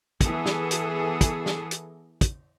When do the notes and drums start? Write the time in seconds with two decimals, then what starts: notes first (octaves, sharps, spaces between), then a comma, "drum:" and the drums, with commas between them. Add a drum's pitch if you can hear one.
0.21 E3 B3 G#4 A4, drum: kick, hi-hat
0.46 drum: snare
0.71 drum: hi-hat
1.21 drum: kick, hi-hat
1.46 drum: snare
1.71 drum: hi-hat
2.21 drum: kick, hi-hat